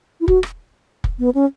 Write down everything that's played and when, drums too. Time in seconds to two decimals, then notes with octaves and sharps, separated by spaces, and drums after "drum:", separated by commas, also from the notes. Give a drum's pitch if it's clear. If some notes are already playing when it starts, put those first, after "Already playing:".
0.21 E4
0.28 F#4, drum: kick
0.43 drum: rim click
1.04 drum: kick
1.19 B3
1.35 C#4